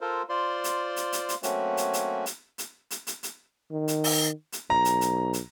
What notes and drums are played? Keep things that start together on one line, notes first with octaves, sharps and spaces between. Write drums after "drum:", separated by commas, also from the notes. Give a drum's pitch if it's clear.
F4 A4 A#4 C5
F4 C5 D5 C6
drum: hi-hat
drum: hi-hat
drum: hi-hat
drum: hi-hat
F#3 A3 A#3 C4 C#4 F#4, drum: hi-hat
drum: hi-hat
drum: hi-hat
drum: hi-hat
drum: hi-hat
drum: hi-hat
drum: hi-hat
drum: hi-hat
D#3
drum: hi-hat
drum: open hi-hat
drum: hi-hat
B1 A#5
drum: hi-hat
drum: hi-hat
drum: hi-hat